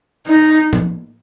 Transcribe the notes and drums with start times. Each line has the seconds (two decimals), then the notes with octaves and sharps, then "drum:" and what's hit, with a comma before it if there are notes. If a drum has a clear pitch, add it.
0.26 D#4
0.73 drum: tom